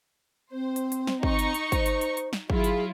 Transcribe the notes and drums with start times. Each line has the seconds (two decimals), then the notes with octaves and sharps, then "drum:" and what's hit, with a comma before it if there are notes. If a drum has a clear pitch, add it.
0.52 C4 C5
0.76 drum: hi-hat
0.92 drum: hi-hat
1.07 drum: snare
1.23 D#4 C#6, drum: kick
1.39 drum: hi-hat
1.54 drum: hi-hat
1.72 C5, drum: kick, hi-hat
1.86 drum: hi-hat
2.01 drum: hi-hat
2.17 drum: hi-hat
2.33 drum: snare
2.50 F#3 E4 F4 G#4, drum: kick
2.64 drum: hi-hat